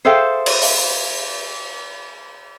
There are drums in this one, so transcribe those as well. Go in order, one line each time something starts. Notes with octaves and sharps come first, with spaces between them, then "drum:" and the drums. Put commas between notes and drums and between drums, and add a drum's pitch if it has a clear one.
G#4 A4 C5 E5 F5 G5
drum: cymbal
drum: open hi-hat